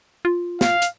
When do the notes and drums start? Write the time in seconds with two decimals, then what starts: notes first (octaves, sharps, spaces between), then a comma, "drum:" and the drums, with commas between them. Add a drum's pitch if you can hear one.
0.25 F4
0.61 F5, drum: snare
0.82 drum: hi-hat